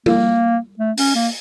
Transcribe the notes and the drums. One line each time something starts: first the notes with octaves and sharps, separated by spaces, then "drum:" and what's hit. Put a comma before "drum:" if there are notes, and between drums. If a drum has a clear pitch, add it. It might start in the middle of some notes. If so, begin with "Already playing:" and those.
A#3, drum: tom
A3
C#4, drum: open hi-hat
A#3